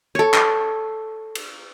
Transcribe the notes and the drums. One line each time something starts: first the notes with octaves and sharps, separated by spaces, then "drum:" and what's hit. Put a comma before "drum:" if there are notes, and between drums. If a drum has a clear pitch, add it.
A4 C#5
drum: clap
drum: cymbal